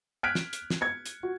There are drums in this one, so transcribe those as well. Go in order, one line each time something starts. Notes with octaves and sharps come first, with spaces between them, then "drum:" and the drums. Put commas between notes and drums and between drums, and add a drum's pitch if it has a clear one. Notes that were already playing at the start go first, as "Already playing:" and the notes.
F6 F#6 G#6 B6 D7
drum: snare
drum: hi-hat
drum: snare
G#6 C#7
drum: hi-hat
F#4